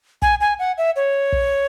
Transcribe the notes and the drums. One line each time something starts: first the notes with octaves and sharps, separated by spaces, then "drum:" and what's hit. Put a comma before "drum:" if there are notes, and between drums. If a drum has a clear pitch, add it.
G#5, drum: kick
G#5
F#5
E5
C#5
drum: kick